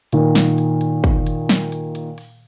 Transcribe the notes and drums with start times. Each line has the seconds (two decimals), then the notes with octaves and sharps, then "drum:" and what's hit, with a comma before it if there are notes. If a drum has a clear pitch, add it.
0.12 A#2 D#3, drum: hi-hat
0.35 drum: snare
0.58 drum: hi-hat
0.81 drum: hi-hat
1.04 drum: kick, hi-hat
1.27 drum: hi-hat
1.49 drum: snare
1.72 drum: hi-hat
1.95 drum: hi-hat
2.18 drum: open hi-hat